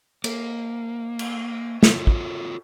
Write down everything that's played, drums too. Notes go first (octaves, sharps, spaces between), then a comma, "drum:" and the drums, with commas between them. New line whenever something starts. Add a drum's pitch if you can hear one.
A#3, drum: cymbal
drum: cymbal
F4 F#4 A4 C#5, drum: snare
drum: kick